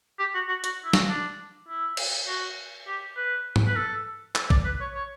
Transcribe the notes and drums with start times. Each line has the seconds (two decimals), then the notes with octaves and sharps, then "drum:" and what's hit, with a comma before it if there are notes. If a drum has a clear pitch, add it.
0.19 G4
0.34 F#4
0.48 F#4
0.64 F#4, drum: hi-hat
0.84 E4
0.93 F#4, drum: snare
1.08 D4
1.68 E4
1.97 drum: cymbal
2.27 F#4
2.87 G4
3.16 B4
3.56 drum: tom G#2
3.67 B4
3.76 A4
4.35 A4, drum: clap
4.50 D5, drum: kick A#1
4.65 B4
4.81 C#5
4.95 C#5